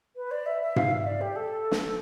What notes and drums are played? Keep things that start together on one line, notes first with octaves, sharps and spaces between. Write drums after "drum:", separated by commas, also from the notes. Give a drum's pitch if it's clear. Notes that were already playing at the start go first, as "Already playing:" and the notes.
B4
D5
E5
E5
F5, drum: tom G#2
E5
D5
G4
A4
drum: snare